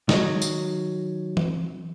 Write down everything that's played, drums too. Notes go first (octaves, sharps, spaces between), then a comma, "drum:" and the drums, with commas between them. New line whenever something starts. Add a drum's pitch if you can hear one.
D#3 F#3, drum: snare
drum: tambourine
drum: tom E3